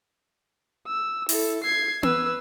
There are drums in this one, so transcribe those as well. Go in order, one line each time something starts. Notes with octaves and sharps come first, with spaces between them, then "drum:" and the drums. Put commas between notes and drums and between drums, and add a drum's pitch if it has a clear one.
E6
E4 A4, drum: open hi-hat
G#6 C7
B4 E6, drum: tom B3